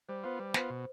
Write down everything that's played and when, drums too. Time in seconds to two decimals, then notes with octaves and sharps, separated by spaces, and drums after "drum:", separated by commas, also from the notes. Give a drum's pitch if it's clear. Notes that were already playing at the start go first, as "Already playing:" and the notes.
0.09 G3 C5
0.24 B3 F4 C5
0.39 G3 B4
0.54 B3 F4 C5, drum: snare
0.70 B2